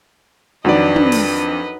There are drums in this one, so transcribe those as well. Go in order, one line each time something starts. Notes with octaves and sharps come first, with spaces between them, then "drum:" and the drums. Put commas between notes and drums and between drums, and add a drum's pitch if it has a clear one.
F2 D#3 F#3 D4 B4 D5 D#5
drum: tom
drum: open hi-hat